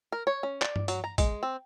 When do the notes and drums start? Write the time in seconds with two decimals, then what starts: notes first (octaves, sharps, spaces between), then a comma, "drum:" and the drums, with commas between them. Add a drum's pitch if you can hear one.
0.12 A#4
0.27 C#5
0.43 C#4
0.62 D5, drum: clap
0.76 drum: tom G2
0.88 F#3, drum: hi-hat
1.04 A#5
1.18 G#3, drum: kick A1, hi-hat
1.43 C4